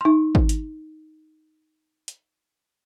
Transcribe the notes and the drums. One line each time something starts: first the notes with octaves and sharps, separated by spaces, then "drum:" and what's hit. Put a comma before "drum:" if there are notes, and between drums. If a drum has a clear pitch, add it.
D#4 C6
drum: kick
drum: hi-hat
drum: hi-hat